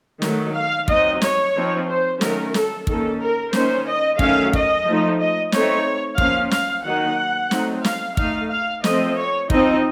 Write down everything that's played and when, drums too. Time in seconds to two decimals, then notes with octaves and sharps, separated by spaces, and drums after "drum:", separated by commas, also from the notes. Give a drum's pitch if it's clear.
0.22 D#3 F#3 A3, drum: snare
0.55 F5
0.88 F#3 C4 D#4 D#5, drum: kick
1.22 C#5, drum: snare
1.55 F3 C4 D#4
1.88 C5
2.21 D#3 F#3 A3 C#4 A#4, drum: snare
2.54 A4, drum: snare
2.87 D#3 A#3 C#4 A4, drum: kick
3.20 A#4
3.53 D#3 A#3 C#4 C5, drum: snare
3.87 D#5
4.19 D#3 F#3 A3 C#4 F5, drum: kick
4.53 D#5, drum: kick
4.85 F3 A3 D#4
5.20 D#5
5.52 A3 C4 D#4 C#5, drum: snare
6.18 F3 A#3 C#4 F5, drum: kick
6.51 F5, drum: snare
6.84 D#3 F#3 A#3 D#4 F#5
7.51 F#3 A3 C4 D#4, drum: snare
7.84 F5, drum: snare
8.17 A3 D#4 F5, drum: kick
8.51 F5
8.84 F3 A3 C4 D#5, drum: snare
9.17 C#5
9.50 F3 C4 D#4 D#5, drum: kick